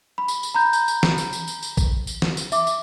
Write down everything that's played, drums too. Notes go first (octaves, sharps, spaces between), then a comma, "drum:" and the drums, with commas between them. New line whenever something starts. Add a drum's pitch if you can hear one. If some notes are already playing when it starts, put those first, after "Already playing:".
B5
drum: tambourine
drum: tambourine
A#5 B5 G6
drum: tambourine
drum: tambourine
drum: snare
drum: tambourine
drum: tambourine
drum: tambourine
drum: tambourine
drum: kick A#1, tambourine
drum: tambourine
drum: snare
drum: tambourine
E5 D6, drum: tambourine
drum: tambourine